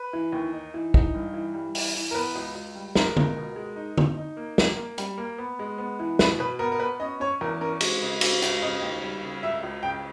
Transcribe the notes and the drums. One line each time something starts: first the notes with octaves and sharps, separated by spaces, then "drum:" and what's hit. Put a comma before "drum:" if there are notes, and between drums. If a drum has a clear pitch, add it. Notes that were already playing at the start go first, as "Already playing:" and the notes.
Already playing: B4
E3
D#2
D#4
E3
D#4, drum: kick
G2
E3
G3
E3, drum: open hi-hat
E3
A#4
B3 B4
C#2
C#2
G3
G#3 A#4, drum: snare
C#2, drum: tom D3
B2
G#3
D#4
D#4, drum: tom D3
D#4
A#3
A#3, drum: snare
A#3
G3, drum: hi-hat
A#3
B3
G#3
B3
E3
B2 B4, drum: snare
B2 B4
B3 A#4
A#4
B3 B4
C#4 D#5
C#4 C#5
E2 A#4
C#4 A#4
G#3, drum: cymbal
C#3
C#4, drum: cymbal
C#2, drum: hi-hat
C#3 D#5
D#2
G3
C#3
C#2 E5
C#2
C#3 G5